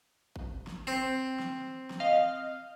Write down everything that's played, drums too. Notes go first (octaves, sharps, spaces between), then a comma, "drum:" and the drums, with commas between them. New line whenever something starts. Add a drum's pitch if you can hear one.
drum: kick
drum: snare
C4
drum: snare
drum: snare
D#5 F5 F6